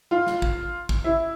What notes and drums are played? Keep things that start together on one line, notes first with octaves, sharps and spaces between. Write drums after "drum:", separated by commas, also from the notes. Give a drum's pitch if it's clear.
F4
drum: snare
drum: kick
drum: kick
E4